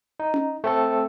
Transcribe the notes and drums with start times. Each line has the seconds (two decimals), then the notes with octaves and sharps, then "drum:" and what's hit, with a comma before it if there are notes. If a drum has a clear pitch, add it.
0.20 D#4
0.34 drum: tom C#4
0.64 A3 C4 A4